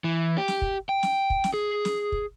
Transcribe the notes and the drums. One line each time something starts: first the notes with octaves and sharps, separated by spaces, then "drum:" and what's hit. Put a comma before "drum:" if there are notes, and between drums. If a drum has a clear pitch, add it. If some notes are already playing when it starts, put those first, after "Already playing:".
E3
G4
drum: snare
drum: kick
G5
drum: snare
drum: kick
drum: snare
G#4
drum: snare
drum: kick